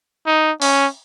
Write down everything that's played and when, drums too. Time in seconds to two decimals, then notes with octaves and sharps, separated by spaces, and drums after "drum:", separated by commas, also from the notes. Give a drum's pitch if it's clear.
0.27 D#4
0.62 C#4, drum: open hi-hat